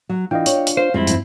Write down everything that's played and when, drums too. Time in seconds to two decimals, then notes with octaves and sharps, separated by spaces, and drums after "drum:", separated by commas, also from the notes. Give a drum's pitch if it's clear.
0.09 F#3
0.31 E3 D4 F4 D#5 F5 G5
0.46 C#5, drum: hi-hat
0.67 drum: hi-hat
0.77 C5 F5
0.94 F2 F3 G3 G#3 C4 E4
1.07 G2, drum: hi-hat